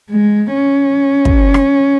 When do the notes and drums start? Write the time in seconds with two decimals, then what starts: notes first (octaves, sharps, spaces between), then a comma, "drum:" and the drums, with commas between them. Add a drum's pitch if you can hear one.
0.10 G#3
0.53 C#4
1.25 drum: kick
1.54 drum: rim click